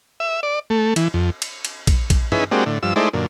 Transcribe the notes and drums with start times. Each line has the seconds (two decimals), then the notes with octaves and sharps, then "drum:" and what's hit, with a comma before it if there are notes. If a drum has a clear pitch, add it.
0.20 E5
0.43 D5
0.70 A3
0.96 E3, drum: cymbal
1.14 F2
1.42 drum: cymbal
1.65 drum: cymbal
1.87 drum: kick, cymbal
2.10 drum: kick, cymbal
2.32 C#4 D#4 E4 G#4 B4, drum: tom G2
2.51 G#3 A#3 C4 D4 F#4 G4
2.66 A2 D3
2.83 G2 F3 E6
2.96 G#3 A3 D#4 E4 C5 D5
3.13 F#2 A#2 D3